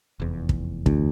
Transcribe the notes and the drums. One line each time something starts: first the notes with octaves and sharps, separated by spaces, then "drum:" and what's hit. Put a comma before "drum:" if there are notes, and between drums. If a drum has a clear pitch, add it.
F1 E2
drum: kick
D2, drum: kick